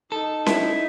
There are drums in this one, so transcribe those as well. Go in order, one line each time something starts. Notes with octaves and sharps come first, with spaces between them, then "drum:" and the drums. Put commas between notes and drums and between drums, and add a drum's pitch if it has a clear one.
D#4 A4
E4, drum: snare C#4